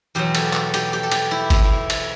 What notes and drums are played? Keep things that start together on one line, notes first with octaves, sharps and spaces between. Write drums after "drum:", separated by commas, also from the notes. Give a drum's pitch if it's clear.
E2 B2 F#3 G4
A4, drum: cymbal
A4, drum: clap
G4, drum: cymbal
G4
A4
G4, drum: cymbal
E4
E4, drum: kick G1, cymbal
drum: cymbal